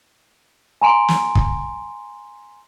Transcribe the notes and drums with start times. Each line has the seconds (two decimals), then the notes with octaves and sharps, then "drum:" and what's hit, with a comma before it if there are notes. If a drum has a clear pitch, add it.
0.81 G#5 A#5 C6 D7
1.08 drum: snare
1.35 drum: kick